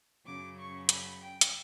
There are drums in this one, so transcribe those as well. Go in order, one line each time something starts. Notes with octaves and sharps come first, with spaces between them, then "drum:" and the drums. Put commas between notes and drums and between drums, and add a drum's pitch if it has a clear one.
F#2 C#3 F#3 C#4 D6
C#6
B5, drum: hi-hat
G5
drum: hi-hat